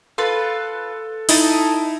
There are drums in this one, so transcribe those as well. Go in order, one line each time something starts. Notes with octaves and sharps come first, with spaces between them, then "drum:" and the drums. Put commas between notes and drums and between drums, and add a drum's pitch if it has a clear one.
F4 A4 B4
D#4 E4 A4 D#5, drum: open hi-hat